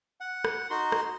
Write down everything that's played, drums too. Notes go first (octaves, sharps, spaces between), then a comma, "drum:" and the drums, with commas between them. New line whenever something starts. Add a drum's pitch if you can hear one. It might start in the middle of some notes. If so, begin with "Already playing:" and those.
F#5
drum: rim click
D#4 F#4 C6
drum: rim click